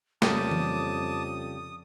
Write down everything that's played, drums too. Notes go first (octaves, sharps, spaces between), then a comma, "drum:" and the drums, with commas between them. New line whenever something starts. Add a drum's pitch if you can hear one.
F2 C#3 G3 A#3 A5 D6 D#6, drum: snare
drum: tom E3